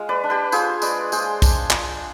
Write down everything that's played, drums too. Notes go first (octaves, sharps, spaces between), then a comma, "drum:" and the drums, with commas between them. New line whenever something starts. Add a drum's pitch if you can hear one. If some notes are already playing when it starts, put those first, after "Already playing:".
Already playing: G#3 F4 F5
B4 D5
D4
G4 B4
F4 G#4 C5, drum: tambourine
G#3 B4 D5, drum: tambourine
G#3 G#4 C5, drum: tambourine
D4, drum: kick, tambourine
F4, drum: clap